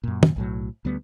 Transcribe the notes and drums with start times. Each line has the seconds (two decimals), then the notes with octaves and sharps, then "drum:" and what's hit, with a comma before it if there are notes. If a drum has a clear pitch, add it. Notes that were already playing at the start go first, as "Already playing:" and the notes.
0.04 F#2 A#2
0.23 drum: tom
0.36 B1 A2 F#3
0.85 D2 G3 B3